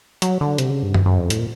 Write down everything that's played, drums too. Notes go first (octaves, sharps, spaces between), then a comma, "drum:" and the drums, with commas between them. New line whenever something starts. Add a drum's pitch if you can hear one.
F#3, drum: hi-hat
D3
C3, drum: hi-hat
C#3
G2
F#2, drum: tom
F#2
F2
A2, drum: hi-hat
A#2